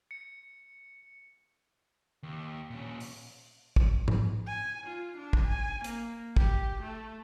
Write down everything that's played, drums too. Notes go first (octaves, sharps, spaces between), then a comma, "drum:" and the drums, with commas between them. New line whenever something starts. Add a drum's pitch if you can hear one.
C#7
D#2
A#2 C#4
drum: open hi-hat
drum: kick
drum: tom G#2
G#5
F4
D4
drum: kick
G#5
A#3, drum: hi-hat
G4, drum: kick
A3